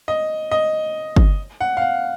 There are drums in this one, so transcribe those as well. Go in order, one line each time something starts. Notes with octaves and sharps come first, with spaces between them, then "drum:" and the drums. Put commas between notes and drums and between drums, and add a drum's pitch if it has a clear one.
D#5
D#5
drum: kick G1
F#5
F5
F#5